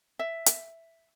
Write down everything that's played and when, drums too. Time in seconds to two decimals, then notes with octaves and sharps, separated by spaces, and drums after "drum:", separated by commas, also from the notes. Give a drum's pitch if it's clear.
0.19 E5
0.46 drum: hi-hat